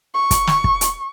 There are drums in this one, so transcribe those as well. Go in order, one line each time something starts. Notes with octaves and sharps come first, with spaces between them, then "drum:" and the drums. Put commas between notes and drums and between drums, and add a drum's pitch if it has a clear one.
C#6
drum: kick, hi-hat
drum: snare
drum: kick
drum: hi-hat